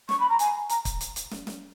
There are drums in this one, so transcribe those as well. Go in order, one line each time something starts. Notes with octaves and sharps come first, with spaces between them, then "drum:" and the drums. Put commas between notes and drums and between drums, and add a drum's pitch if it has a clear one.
C#6, drum: snare
B5
A#5
G#5, drum: hi-hat
A#5, drum: hi-hat
drum: kick, hi-hat
drum: hi-hat
drum: hi-hat
drum: snare
drum: snare